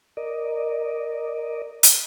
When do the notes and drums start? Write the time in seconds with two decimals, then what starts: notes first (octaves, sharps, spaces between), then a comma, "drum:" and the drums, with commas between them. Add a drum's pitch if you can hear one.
0.17 A#4 D5 D#5
1.83 drum: hi-hat